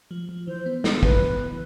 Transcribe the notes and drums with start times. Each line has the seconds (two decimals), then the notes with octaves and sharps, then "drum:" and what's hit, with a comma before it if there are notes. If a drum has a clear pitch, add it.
0.11 F3
0.29 F3
0.48 E3 C5
0.66 B3
0.84 E3, drum: snare
1.03 E3 B4, drum: kick
1.21 B3
1.40 E3